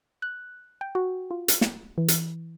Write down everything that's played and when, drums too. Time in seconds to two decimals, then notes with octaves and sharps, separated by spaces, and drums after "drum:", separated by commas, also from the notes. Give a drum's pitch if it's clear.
0.22 F#6
0.81 G5
0.95 F#4
1.31 F4
1.48 drum: hi-hat
1.61 drum: snare
1.98 E3
2.08 drum: hi-hat